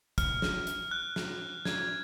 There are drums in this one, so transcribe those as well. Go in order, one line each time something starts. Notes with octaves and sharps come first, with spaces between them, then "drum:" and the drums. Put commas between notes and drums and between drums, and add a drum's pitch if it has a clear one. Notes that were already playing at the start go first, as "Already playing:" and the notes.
F6, drum: kick, hi-hat
drum: snare
drum: hi-hat
F#6
drum: snare
G#6, drum: snare